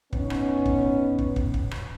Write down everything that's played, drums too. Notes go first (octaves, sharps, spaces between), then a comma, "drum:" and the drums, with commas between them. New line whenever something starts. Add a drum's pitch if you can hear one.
B3 C#4 D#4, drum: kick
drum: rim click
drum: kick
drum: kick
drum: kick
drum: kick
drum: rim click